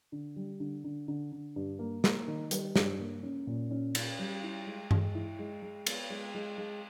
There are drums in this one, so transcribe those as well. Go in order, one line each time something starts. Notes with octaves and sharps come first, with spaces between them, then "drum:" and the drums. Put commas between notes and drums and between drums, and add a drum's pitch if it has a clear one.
D3
G3
D3
D3
D3
D3
G2
A#3
A#3, drum: snare
D#3
G3, drum: hi-hat
G2, drum: snare
A#3
C#4
A#2
C#4
C#4, drum: cymbal
G3
E4
G#3
G#3, drum: tom G2
E4
G#3
G#3
B3, drum: cymbal
G#3
G#3
G#3